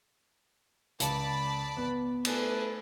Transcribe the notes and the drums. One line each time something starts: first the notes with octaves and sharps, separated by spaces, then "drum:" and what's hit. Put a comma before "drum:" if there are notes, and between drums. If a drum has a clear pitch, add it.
C#2 D5 A5 B5, drum: hi-hat
B3
A3 G#4 A4 B4 D5 A5, drum: cymbal